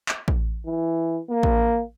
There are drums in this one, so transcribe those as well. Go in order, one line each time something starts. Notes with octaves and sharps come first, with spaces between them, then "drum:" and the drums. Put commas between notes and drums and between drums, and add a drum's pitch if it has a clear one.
drum: clap
drum: kick A1
E3
A#3
drum: kick A1